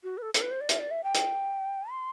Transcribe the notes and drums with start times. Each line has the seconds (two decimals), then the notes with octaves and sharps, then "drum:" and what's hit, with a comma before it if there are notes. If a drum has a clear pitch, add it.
0.04 F#4
0.18 B4
0.22 A4
0.34 A4, drum: hi-hat
0.42 B4
0.51 C5
0.61 D5
0.69 E5, drum: hi-hat
0.79 D5
0.91 E5
1.04 G5
1.15 drum: hi-hat
1.91 C6